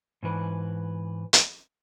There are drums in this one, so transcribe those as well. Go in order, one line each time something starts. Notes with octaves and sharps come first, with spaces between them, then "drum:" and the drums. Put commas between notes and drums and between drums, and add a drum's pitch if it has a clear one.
G#2 E3 B4
drum: hi-hat